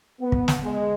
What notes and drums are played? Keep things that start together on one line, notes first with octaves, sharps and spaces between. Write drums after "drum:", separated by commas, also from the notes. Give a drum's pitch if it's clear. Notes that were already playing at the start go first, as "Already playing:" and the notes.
B3
drum: kick
drum: snare
G#3